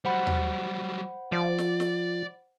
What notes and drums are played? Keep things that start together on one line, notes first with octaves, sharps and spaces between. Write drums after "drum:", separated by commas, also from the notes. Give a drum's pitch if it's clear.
F#3 G3 C5 F#5 B5
drum: tom D#2
F3 D5
drum: snare
drum: snare